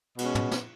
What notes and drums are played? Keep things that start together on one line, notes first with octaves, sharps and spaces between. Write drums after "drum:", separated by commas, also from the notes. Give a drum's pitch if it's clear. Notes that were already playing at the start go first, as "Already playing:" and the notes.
B2 G#3 C#4, drum: cymbal
drum: tom
drum: snare